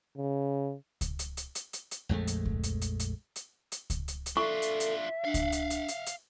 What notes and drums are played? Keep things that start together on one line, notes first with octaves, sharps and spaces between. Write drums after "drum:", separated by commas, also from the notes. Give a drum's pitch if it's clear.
C#3
drum: kick C#2, hi-hat
drum: hi-hat
drum: hi-hat
drum: hi-hat
drum: hi-hat
drum: hi-hat
A#1 F2 G#3 A3
drum: hi-hat
drum: kick C#2
drum: hi-hat
drum: hi-hat
drum: hi-hat
drum: hi-hat
drum: hi-hat
drum: kick C#2, hi-hat
drum: hi-hat
drum: hi-hat
D4 F4 A4 E5 C#6
drum: hi-hat
drum: hi-hat
D4 F5 F#5
drum: kick C#2, hi-hat
drum: hi-hat
drum: hi-hat
drum: hi-hat
drum: hi-hat